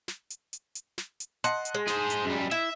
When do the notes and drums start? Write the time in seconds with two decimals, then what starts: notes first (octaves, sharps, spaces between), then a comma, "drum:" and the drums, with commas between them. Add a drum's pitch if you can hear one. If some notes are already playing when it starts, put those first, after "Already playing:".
0.08 drum: snare
0.30 drum: hi-hat
0.53 drum: hi-hat
0.75 drum: hi-hat
0.98 drum: snare
1.20 drum: hi-hat
1.44 D#5 F#5 A5 C6, drum: hi-hat
1.65 drum: hi-hat
1.74 G#3
1.88 G#4 C5, drum: snare
2.10 drum: hi-hat
2.25 F#2 G3
2.51 E4 E5